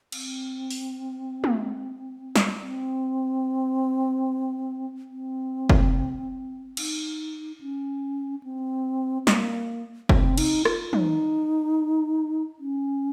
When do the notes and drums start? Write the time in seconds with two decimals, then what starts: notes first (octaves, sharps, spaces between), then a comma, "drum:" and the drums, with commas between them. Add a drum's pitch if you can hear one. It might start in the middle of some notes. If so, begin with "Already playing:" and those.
0.12 C4, drum: cymbal
0.71 drum: open hi-hat
1.44 drum: tom
2.36 drum: snare
2.62 C4
5.11 C4
5.70 drum: kick
6.77 D#4, drum: cymbal
7.60 C#4
8.43 C4
9.27 A#3, drum: snare
10.09 C4, drum: kick
10.38 D#4, drum: cymbal
10.65 F4, drum: rim click
10.93 D#4, drum: tom
12.59 C#4